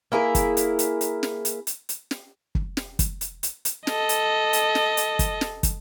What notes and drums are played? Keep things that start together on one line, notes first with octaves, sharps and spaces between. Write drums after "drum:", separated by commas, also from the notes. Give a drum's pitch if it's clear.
A#3 E4 G#4 A#4
drum: kick, hi-hat
drum: hi-hat
drum: hi-hat
drum: hi-hat
drum: snare
drum: hi-hat
drum: hi-hat
drum: hi-hat
drum: snare
drum: kick
drum: snare
drum: kick, hi-hat
drum: hi-hat
drum: hi-hat
drum: hi-hat
A4 D#5, drum: snare
drum: hi-hat
drum: hi-hat
drum: snare
drum: hi-hat
drum: kick, hi-hat
drum: snare
drum: kick, hi-hat